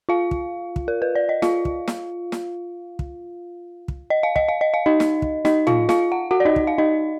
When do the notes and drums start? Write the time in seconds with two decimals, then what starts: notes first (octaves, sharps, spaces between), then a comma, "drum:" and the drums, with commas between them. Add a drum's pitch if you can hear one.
0.09 F4 F5
0.31 drum: kick
0.76 drum: kick
0.88 A#4
1.02 B4
1.15 D5
1.29 D#5
1.42 F4 F5, drum: snare
1.65 drum: kick
1.87 drum: snare
2.32 drum: snare
2.99 drum: kick
3.88 drum: kick
4.10 D#5
4.23 F5
4.36 D#5, drum: kick
4.49 F5
4.61 D#5
4.74 F5
4.86 D#4 D#5
5.00 drum: snare
5.22 drum: kick
5.45 D#4 D#5, drum: snare
5.67 F4 F5, drum: tom
5.89 F4 F5, drum: snare
6.12 F#5
6.31 F#4 F#5
6.40 D5
6.45 D#4 D#5
6.56 drum: kick
6.67 F5
6.78 D#4 D#5